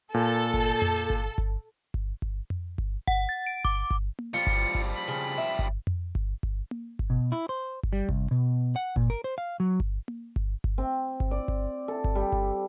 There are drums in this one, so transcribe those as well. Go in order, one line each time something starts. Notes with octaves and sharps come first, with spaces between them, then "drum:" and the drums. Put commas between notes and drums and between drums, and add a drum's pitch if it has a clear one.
A#2 A4
drum: kick G1
drum: tom F2
drum: kick G1
drum: kick G1
drum: kick G1
drum: kick G1
drum: tom F2
drum: kick G1
F#5, drum: kick G1
A6
D7
D6, drum: kick G1
drum: kick G1
drum: tom A#3
F3 G3 F4 C#7
drum: kick G1
drum: kick G1
B5
C#3
E5
drum: kick G1
drum: tom F2
drum: kick G1
drum: kick G1
drum: tom A#3
drum: kick G1
B2
E4
C5
drum: kick G1
G3
C2, drum: kick G1
B2
F#5
A#2, drum: kick G1
A#4
C5
F5
F#3
drum: kick G1
drum: tom A#3
drum: kick G1
drum: kick G1
C4
drum: kick G1
D5
drum: kick G1
A4
drum: kick G1
G3
drum: kick G1